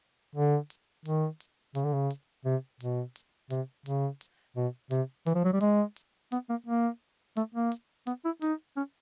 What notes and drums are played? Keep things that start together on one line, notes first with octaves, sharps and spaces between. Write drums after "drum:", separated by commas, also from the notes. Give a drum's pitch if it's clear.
D3
drum: hi-hat
D#3, drum: hi-hat
drum: hi-hat
C#3, drum: hi-hat
D3
C#3
drum: hi-hat
C3
B2, drum: hi-hat
drum: hi-hat
C3, drum: hi-hat
C#3, drum: hi-hat
drum: hi-hat
B2
C3, drum: hi-hat
E3, drum: hi-hat
F3
F#3
G3
G#3, drum: hi-hat
drum: hi-hat
B3, drum: hi-hat
A#3
A#3
A3, drum: hi-hat
A#3
drum: hi-hat
B3, drum: hi-hat
E4
D#4, drum: hi-hat
C#4